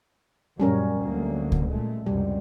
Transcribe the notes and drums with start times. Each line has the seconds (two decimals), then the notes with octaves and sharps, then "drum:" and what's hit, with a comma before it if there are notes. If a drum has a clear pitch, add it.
0.60 F#2 A#2 G3 C#4 A#4
1.03 D2 F#3 A#3
1.52 drum: kick C#2
1.69 A#2 G#3 A3
2.06 C#2 F#2 C3 G3